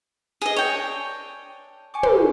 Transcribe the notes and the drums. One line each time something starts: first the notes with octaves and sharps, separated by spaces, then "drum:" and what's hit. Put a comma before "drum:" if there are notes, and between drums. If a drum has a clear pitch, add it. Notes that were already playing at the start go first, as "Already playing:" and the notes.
G#4 D#5
D4 C#5 G5 E6 F#6
G#5 C#6 D6
drum: tom